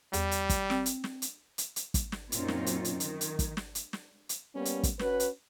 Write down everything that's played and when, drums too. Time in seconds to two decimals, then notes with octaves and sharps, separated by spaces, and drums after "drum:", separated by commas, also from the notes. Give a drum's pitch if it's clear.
0.13 E2 G3, drum: hi-hat
0.31 drum: hi-hat
0.49 drum: kick, hi-hat
0.70 C4, drum: snare
0.86 drum: hi-hat
1.04 drum: snare
1.22 drum: hi-hat
1.58 drum: hi-hat
1.76 drum: hi-hat
1.94 drum: kick, hi-hat
2.12 drum: snare
2.32 F#2 A#2 C4 C#4 D#4 F4, drum: hi-hat
2.48 drum: snare
2.66 drum: hi-hat
2.85 drum: hi-hat
3.00 D#3, drum: hi-hat
3.21 drum: hi-hat
3.39 drum: kick, hi-hat
3.57 drum: snare
3.75 drum: hi-hat
3.93 drum: snare
4.29 drum: hi-hat
4.55 G3 A#3 B3 C#4
4.65 drum: hi-hat
4.83 drum: kick, hi-hat
4.99 C#4 F#4 B4, drum: snare
5.20 drum: hi-hat